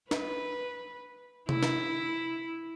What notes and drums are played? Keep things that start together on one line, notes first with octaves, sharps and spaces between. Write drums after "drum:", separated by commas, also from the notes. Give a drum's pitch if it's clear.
B4, drum: snare
E4, drum: tom C3
drum: snare